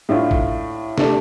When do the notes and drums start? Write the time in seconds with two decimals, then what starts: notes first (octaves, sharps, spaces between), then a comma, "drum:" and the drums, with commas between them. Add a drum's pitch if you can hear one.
0.09 A2 A3 D4 F4
0.31 drum: kick A1
0.98 C3 A3 D4 A4 D5, drum: snare